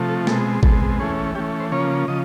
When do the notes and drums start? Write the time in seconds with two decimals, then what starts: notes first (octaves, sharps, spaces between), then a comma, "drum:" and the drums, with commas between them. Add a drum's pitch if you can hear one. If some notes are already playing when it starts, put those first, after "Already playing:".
Already playing: C3 F3 A3
0.09 A4
0.27 B2 G#3 C4 A4, drum: snare A#3
0.63 B2 G#3 C4 A4, drum: kick G#1
0.99 E3 A3 C#4 G#4
1.35 E3 A3 C#4 G4
1.60 C5
1.71 C#3 F3 A#3 C#4 C#5
2.08 C#3 F3 D#5